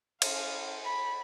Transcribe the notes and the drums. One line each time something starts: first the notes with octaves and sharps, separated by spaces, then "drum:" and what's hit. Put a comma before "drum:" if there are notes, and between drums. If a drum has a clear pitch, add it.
C#4 F5, drum: cymbal
B5